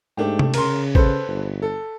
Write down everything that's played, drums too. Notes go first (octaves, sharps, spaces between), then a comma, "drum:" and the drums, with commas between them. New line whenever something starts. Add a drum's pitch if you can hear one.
G#2 A3 D4 G4
drum: tom C3
C#3 A#4 C6, drum: cymbal
A4 B4 C5, drum: kick A1
G1
A4